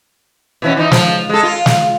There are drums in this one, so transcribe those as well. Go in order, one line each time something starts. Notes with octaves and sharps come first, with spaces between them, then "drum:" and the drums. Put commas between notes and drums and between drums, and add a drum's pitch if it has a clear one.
B2 E3 C#4
E3 D#4
F3, drum: snare
G#3 A4
F4
drum: snare